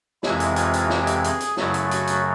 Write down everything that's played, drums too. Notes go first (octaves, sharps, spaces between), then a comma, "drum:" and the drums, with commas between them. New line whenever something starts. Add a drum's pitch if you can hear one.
F2 C3 E3 G#3 E4, drum: snare
drum: hi-hat
F4, drum: hi-hat
drum: hi-hat
G4, drum: snare
drum: hi-hat
G#4, drum: hi-hat
drum: hi-hat
F#2 C#3 F#3 A3 E4, drum: snare
drum: hi-hat
F#4, drum: hi-hat
drum: hi-hat